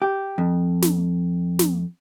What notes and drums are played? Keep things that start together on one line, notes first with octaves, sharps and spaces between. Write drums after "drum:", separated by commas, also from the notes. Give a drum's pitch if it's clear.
G4
F2
drum: snare
drum: snare